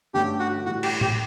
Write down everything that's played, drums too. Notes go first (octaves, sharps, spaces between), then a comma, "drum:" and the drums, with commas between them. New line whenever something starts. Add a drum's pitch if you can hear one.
G2 D3 A3 C#4 G4
F#4
A2 E3 G3 F#4
G4, drum: cymbal
G4, drum: tom A2